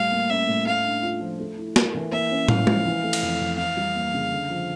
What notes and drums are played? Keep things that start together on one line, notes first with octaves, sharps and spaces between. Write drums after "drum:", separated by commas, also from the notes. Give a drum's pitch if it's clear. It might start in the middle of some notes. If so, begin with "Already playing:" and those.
Already playing: A2 G3 F5
A#3
C#4 E5
A2
A3 F5
D4
F4
F3
A3
E4
A#4, drum: snare
E3
A#3 E5
C#4
E4 F5, drum: tom
F3, drum: tom G#3
E3
A3
drum: cymbal
F2
F2
E3 F5
G3
A#3
C#3
D3
F3